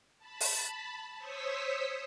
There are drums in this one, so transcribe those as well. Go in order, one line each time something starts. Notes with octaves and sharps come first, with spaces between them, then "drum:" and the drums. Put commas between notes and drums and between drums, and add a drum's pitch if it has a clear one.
A5 B5
drum: open hi-hat
C5 C#5 C#6 D#6 E6 B6